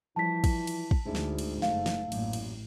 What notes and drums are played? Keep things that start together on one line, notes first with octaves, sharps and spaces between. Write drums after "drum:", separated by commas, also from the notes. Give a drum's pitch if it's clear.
E3 F3 G3 C5 A5 B6
drum: kick, cymbal
drum: cymbal
drum: kick
D2 G#2 D4 E4 G#4
drum: snare
drum: cymbal
F#1 A3 F5, drum: snare
drum: snare
A1 F#2 A#2, drum: cymbal
drum: cymbal